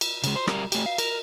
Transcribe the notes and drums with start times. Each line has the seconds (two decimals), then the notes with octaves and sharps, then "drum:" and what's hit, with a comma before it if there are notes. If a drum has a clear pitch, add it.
0.01 drum: cymbal
0.24 C#3 G#3, drum: cymbal
0.36 C5
0.47 G3 A#4, drum: rim click
0.72 A3 G4, drum: cymbal
0.86 F5
0.98 A#4, drum: cymbal